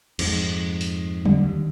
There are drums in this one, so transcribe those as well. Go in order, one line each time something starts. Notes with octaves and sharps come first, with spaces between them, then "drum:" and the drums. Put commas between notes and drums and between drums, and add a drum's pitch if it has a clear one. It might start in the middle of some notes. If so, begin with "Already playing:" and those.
F2 G#2, drum: cymbal
drum: open hi-hat
D3, drum: tom
D#2